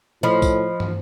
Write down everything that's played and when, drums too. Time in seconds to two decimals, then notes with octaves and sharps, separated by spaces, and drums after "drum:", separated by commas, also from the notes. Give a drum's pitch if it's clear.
0.23 A2 F3 C5 D#5 B5
0.42 drum: kick B1, tambourine
0.80 drum: tom